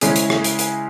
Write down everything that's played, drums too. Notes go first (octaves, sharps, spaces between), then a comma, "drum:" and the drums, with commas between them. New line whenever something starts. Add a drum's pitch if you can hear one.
C#3 G#3 C#4 E4 G#4, drum: hi-hat
drum: hi-hat
drum: rim click
drum: hi-hat
drum: hi-hat